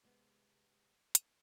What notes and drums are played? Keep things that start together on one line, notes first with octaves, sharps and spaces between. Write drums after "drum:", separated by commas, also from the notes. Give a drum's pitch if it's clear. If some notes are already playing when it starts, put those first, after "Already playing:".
C3 G#3 B3
drum: hi-hat